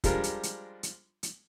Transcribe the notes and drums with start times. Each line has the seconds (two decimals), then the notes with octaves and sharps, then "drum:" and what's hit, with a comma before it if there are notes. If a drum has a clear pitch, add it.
0.04 F3 G3 G#3 D4 F4 A#4, drum: kick, hi-hat
0.24 drum: hi-hat
0.43 drum: hi-hat
0.83 drum: hi-hat
1.23 drum: hi-hat